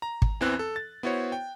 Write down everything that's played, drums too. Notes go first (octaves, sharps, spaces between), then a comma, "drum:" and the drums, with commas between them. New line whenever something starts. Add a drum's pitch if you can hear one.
A#5
drum: kick
E2 E3 C4 F#6
A4
A6
B3 E4 F#4 C5 C#5
G5